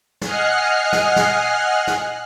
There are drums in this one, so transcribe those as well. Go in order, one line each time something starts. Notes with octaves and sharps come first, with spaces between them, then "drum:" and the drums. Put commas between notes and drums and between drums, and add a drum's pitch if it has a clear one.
D#5 F#5 G#5 F6 F#6 C7, drum: snare
drum: snare
drum: snare
drum: snare